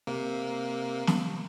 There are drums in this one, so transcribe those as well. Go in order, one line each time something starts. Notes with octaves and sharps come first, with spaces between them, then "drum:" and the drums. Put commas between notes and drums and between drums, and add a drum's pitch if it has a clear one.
C3 A#3
drum: snare